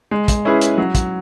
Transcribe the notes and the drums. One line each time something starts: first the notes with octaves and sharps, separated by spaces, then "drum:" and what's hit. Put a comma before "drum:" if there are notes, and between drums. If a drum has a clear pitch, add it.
G#3
drum: kick, hi-hat
C#4 E4 G#4 B4
drum: hi-hat
F#3
drum: kick, hi-hat